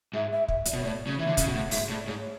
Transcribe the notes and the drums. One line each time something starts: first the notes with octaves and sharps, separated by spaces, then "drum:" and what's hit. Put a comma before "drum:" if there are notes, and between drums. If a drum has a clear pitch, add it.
G#2 E5
E5
E5, drum: kick
D5, drum: hi-hat
B2 C#5
A2 D5
C#3
E3 E5
D3
C#3, drum: kick, hi-hat
B2
A2 F#5
G#2 E5, drum: open hi-hat
A2 D5
G#2 C#5